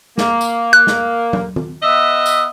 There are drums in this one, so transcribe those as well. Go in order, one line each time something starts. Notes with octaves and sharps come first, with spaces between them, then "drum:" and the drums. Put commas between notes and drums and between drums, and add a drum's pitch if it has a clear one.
A#3, drum: snare
drum: tambourine
A#3 F#6
drum: snare
drum: tom F#3
drum: tom D#3
B3 D#5 E5
drum: tambourine